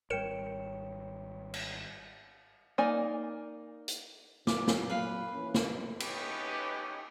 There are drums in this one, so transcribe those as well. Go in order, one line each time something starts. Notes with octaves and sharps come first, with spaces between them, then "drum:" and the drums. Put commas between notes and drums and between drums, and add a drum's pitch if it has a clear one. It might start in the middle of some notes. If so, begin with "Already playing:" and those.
G#1 G3 A#4 C#5 G5 C#7 E7
drum: cymbal
A#3 D#4 D5 G#5
drum: hi-hat
A#2 F#3 D6, drum: snare
drum: snare
B4 F5
E3 A#3 C#4
drum: snare
A3 B3 C#4 D#4 G4 B4, drum: cymbal